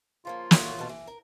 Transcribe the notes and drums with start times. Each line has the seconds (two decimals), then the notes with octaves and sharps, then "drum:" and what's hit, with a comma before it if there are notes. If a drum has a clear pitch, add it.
0.25 C#3 F3 A#3 F4
0.51 A2 F#4 C#5, drum: snare
0.77 F2 B2 A5
0.89 E3
1.07 A#4